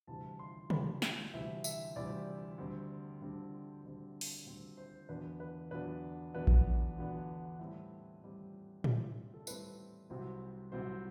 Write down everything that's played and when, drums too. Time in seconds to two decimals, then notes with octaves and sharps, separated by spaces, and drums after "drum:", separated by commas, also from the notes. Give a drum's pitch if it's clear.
0.07 D2 C3 E3 G3 A5
0.39 C6
0.70 D2 C3 E3 G3 B5, drum: tom C3
1.02 G5, drum: snare
1.33 D2 C3 E3 G3 E5
1.64 E5, drum: tambourine
1.96 D2 C3 E3 G3 D5
2.58 D2 D3 G3 C4
3.21 D2 D3 G3 C4
3.83 D2 D3 G3 C4
4.21 drum: open hi-hat
4.46 D2 D3 G3 C4 C5
4.77 C5
5.09 E2 D3 F#3 B3 D4 B4
5.40 B4
5.71 E2 D3 F#3 B3 D4 B4
6.34 E2 D3 F#3 B3 D4 B4
6.47 drum: kick A#1
6.96 E2 D3 F#3 B3 D4
7.59 A2 G3 C4
8.22 A2 G3 C4
8.84 A2 G3 C4, drum: tom A2
9.34 A4
9.47 A2 G3 C4 B4, drum: tambourine
10.10 C2 C3 F#3 C4
10.72 C2 C3 F#3 C4 C5